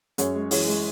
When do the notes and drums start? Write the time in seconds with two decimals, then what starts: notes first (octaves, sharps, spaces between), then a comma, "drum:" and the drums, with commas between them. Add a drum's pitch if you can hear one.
0.18 F#2 G#4 C#5, drum: hi-hat
0.35 G#3
0.51 E3 G#4 C#5, drum: open hi-hat
0.67 G#3